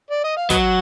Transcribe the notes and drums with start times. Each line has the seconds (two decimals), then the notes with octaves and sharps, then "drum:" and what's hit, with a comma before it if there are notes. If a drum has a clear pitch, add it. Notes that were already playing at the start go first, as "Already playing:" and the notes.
0.11 D5
0.24 D#5
0.37 F5
0.50 F#3 B4 D#5 F#5, drum: kick, hi-hat